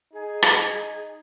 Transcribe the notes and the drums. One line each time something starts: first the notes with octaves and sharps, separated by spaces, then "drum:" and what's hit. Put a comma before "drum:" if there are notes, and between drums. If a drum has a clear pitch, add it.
D#4 G#4
drum: rim click